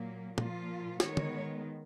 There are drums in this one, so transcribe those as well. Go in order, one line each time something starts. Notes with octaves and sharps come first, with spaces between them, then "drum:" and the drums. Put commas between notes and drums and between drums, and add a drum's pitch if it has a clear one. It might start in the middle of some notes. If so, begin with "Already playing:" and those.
Already playing: A#2 F#3 A#3
A#2 F3 A#3 F4, drum: tom
D#3 G#3 B3 C#5, drum: snare
drum: tom